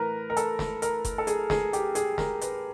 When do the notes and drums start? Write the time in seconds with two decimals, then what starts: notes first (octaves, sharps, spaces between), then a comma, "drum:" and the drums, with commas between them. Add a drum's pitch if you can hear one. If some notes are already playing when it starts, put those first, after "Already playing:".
Already playing: A2 E3 A3 A#4 B4
0.30 A#4
0.37 A4, drum: hi-hat
0.59 drum: snare
0.82 A#4, drum: hi-hat
1.05 drum: kick F#1, hi-hat
1.18 A4
1.27 G#4, drum: hi-hat
1.50 G#4, drum: snare
1.73 G4, drum: hi-hat
1.95 G#4, drum: hi-hat
2.18 A#4, drum: snare
2.41 B4, drum: hi-hat